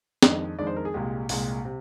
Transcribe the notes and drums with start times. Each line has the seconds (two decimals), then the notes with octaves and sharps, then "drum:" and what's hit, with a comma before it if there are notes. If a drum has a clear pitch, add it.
0.22 F2 D#3 G#3 D4 D#5, drum: snare
0.59 F2 D#3 G#3 D4 D5
0.67 C5
0.76 A#4
0.85 G#4
0.94 C2 A#2 G#3 G4
1.29 C2 A#2 G#3, drum: open hi-hat
1.65 C3